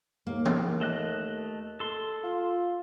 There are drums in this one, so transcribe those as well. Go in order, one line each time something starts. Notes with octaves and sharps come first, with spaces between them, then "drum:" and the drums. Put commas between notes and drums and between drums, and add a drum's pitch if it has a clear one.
D#2 A#3
drum: tom E3
A3 D#5 F#6
A4 C6
F4